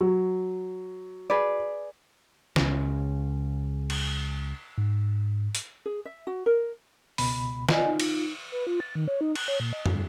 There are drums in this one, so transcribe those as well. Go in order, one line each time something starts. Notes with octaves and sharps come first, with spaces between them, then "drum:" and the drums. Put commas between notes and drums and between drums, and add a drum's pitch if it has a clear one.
F#3
G#4 B4 D5
C#2 C#3, drum: snare
drum: cymbal
G#2
drum: hi-hat
G#4
E5
F#4
A#4
C#2 B2 B5, drum: open hi-hat
F4 D5 D#5 G#5, drum: snare
D#4
drum: cymbal
B4
F4
A6
D#3
C#5
D#4
F#6, drum: cymbal
C#5
A#2
D#5
G2, drum: tom